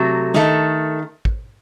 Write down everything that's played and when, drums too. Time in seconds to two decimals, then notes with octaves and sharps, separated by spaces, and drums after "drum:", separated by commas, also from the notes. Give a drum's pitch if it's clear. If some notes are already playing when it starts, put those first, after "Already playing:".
Already playing: C3 F#3 A3
0.34 D#3 A3, drum: snare
1.25 drum: kick